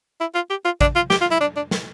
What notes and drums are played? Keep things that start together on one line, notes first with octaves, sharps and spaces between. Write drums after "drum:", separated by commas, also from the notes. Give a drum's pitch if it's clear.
E4
F4
G4
F4
D4, drum: kick
F4
G4, drum: snare
F4
E4
D4
D4
drum: snare